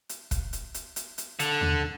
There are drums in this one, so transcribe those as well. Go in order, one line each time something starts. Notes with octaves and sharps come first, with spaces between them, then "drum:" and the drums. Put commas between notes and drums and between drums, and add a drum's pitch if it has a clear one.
drum: hi-hat
drum: kick, hi-hat
drum: hi-hat
drum: hi-hat
drum: hi-hat
drum: hi-hat
D3, drum: hi-hat
drum: tom D#2